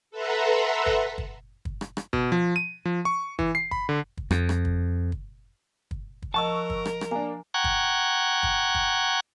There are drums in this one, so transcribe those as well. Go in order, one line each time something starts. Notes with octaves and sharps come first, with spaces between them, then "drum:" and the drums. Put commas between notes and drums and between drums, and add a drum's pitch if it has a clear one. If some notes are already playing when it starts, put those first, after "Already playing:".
A4 B4 E5 F#5 A#5 C6
drum: kick
drum: kick
drum: kick
drum: rim click
drum: rim click
B2, drum: kick
F3
D#7
F3
C#6
E3, drum: kick
C7
B5, drum: kick
D3
drum: kick
F2, drum: rim click
drum: rim click
drum: kick
drum: kick
drum: kick
drum: kick
F3 A#4 D#5 F#5 A5 C#6 E6
drum: kick
drum: rim click
drum: rim click
A#3 D4 G#5 A#5
F#5 G5 A#5 C#6 F#6 G#6
drum: kick
drum: kick
drum: kick